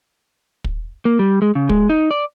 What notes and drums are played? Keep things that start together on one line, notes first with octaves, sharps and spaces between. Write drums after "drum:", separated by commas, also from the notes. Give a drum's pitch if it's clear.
drum: kick
A#3
G3
G#3
C#3
G#3, drum: kick
D#4
D5